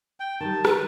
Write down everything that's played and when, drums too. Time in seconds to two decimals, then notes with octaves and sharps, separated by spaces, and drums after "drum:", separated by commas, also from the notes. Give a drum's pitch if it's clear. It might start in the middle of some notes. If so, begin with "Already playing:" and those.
0.20 G5
0.40 D#3 G3 A5
0.65 B4, drum: rim click